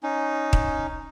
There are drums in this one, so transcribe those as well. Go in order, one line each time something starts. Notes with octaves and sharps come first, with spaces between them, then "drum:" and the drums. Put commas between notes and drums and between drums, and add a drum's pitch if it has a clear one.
C#4 D#4
drum: kick D#1